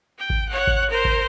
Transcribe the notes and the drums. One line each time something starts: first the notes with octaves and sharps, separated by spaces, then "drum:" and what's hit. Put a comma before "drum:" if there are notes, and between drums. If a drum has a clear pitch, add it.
G5
drum: kick G#1
C#5 F#5
drum: kick G#1
A#4 C5
drum: kick G#1